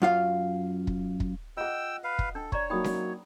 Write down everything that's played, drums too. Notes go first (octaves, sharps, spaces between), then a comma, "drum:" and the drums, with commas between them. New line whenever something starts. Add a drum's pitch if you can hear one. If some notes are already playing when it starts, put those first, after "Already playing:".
F#2 F4 F5
drum: kick
drum: kick
F4 G#4 D#5 F#5 G5 E6
B4 F5
drum: kick
D4 A4 G5
C#5 D5 A#5 C#6, drum: kick
F#3 A#3 D#4 G5 B5 D#6
drum: snare C#4